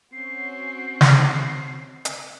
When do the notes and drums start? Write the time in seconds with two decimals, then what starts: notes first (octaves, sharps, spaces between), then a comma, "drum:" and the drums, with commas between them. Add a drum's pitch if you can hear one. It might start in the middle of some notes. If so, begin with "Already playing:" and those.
0.13 C4 C#4 F#4 C7
1.01 drum: snare
2.05 drum: hi-hat